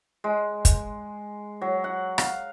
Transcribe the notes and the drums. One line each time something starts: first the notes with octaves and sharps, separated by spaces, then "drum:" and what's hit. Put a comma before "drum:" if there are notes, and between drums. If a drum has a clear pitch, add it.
G#3
drum: kick, hi-hat
F#3
F#5
F5, drum: rim click